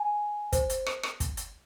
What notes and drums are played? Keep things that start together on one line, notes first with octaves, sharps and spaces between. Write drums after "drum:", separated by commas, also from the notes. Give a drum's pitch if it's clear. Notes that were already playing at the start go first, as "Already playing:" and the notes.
Already playing: G#5
C5, drum: kick, hi-hat
drum: hi-hat
drum: rim click
drum: rim click
drum: kick, hi-hat
drum: hi-hat